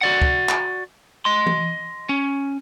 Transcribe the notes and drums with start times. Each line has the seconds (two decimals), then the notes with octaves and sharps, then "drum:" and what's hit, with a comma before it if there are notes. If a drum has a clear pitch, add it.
0.01 F#4 D5 F#5
0.22 drum: kick
0.49 drum: clap
1.25 D#5 C6
1.46 drum: tom E3
2.09 C#4